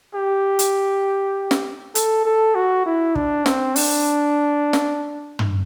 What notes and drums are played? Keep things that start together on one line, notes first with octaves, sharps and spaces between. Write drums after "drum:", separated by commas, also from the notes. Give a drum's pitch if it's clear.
G4
drum: hi-hat
drum: snare
A4, drum: hi-hat
A4
F#4
E4
D4, drum: kick
C4, drum: snare
D4, drum: open hi-hat
drum: snare
drum: tom